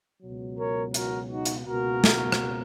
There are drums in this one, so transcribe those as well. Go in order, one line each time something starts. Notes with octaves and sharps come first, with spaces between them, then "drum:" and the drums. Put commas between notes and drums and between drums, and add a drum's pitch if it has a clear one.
C#2 B2 F#3
A#4 C#5
F#4 A#4, drum: hi-hat
D#4 F#4
drum: hi-hat
C#2 B2 A#3 F#4 A#4
drum: snare
drum: rim click